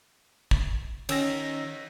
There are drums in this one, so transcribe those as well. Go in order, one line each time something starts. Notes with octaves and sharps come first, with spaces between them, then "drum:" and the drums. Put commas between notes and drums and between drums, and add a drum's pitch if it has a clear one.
drum: kick
D#3 C#4 E6 A#6, drum: cymbal